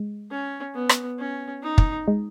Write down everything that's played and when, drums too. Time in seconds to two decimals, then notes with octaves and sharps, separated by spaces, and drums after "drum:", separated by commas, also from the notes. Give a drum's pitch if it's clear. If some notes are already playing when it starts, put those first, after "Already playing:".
Already playing: G#3
0.31 C#4
0.74 B3
0.89 drum: rim click
1.19 C#4
1.63 D#4
1.78 drum: kick
2.08 G#3